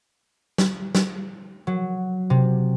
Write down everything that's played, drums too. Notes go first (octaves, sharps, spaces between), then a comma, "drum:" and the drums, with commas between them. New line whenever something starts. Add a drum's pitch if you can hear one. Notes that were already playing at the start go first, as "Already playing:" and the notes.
drum: snare
drum: snare
F#3
C3